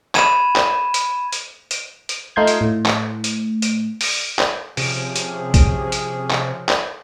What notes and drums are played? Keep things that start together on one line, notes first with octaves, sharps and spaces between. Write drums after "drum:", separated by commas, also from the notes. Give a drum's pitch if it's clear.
B5 G#6 D#7 E7, drum: clap
drum: clap
drum: hi-hat
drum: hi-hat
drum: hi-hat
drum: hi-hat
A3 D#4 F4 C6 G6 G#6
drum: hi-hat
A2
drum: clap
drum: hi-hat
drum: hi-hat
drum: open hi-hat
drum: clap
C3 F3 C#4 G#4, drum: open hi-hat
drum: hi-hat
drum: kick A#1, hi-hat
drum: hi-hat
drum: clap
drum: clap